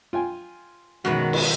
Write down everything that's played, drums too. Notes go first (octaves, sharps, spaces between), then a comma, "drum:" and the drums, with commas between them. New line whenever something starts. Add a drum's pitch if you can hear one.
F4 G5 G#5
F#2 B2 D#3 F#3 G#3 F#4 B4
drum: cymbal